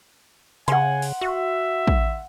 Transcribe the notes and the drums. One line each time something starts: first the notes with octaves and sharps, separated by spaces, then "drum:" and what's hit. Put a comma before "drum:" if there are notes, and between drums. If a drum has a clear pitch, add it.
C#3 F#5 G#5 C6, drum: hi-hat
drum: open hi-hat
F#4 E5
drum: kick